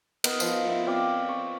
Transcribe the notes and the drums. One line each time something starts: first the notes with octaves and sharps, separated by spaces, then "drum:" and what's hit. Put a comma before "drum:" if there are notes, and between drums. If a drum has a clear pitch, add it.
B3 A#4 D#5, drum: cymbal
F3 C5, drum: tambourine
B3 E4
C4 F4 D5
C#6